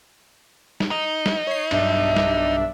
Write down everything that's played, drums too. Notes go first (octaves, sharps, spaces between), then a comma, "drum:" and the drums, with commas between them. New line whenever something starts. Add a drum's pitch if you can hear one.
drum: snare
D#4
drum: snare
C#5 C7
B1 G2 D4 E5, drum: cymbal
drum: snare